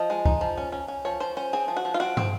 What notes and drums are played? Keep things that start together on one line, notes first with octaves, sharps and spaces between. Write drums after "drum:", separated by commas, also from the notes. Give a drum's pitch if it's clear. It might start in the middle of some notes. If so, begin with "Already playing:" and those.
Already playing: F3 D#5
G#3
D#4, drum: kick
F3
C#4
C#4
C#4
F3 C#5
F3 C5
C#4 C5
C4 G#4
F3
F#4
F3
F4
C4 F#4
C4, drum: tom